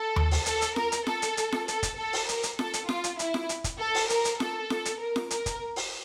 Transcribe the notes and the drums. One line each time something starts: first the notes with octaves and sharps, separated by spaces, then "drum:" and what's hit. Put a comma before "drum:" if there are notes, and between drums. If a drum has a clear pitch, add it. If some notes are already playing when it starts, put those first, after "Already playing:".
Already playing: A4
drum: tom D#2
drum: open hi-hat
A4, drum: hi-hat
drum: hi-hat
A#4, drum: snare F4
drum: hi-hat
A4, drum: snare F4
drum: hi-hat
drum: hi-hat
drum: snare F4
A4, drum: hi-hat
drum: kick, hi-hat
A4
drum: open hi-hat
A#4, drum: hi-hat
drum: hi-hat
A4, drum: snare F4
drum: hi-hat
F4, drum: snare F4
drum: hi-hat
E4, drum: hi-hat
drum: snare F4
drum: hi-hat
drum: kick, hi-hat
A4
drum: open hi-hat
A#4, drum: hi-hat
drum: hi-hat
A4, drum: snare F4
drum: snare F4
drum: hi-hat
A#4
drum: snare F4
A#4, drum: hi-hat
drum: kick, hi-hat
drum: open hi-hat